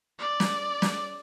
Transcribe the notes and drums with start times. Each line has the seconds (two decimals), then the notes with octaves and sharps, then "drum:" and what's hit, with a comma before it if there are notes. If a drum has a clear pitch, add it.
0.19 D5
0.40 drum: snare
0.82 drum: snare